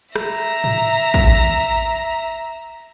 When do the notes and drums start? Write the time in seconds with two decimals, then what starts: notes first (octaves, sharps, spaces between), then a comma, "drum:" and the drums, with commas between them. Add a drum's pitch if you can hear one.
0.16 E5 A#5, drum: rim click
0.64 drum: tom G#2
1.14 drum: kick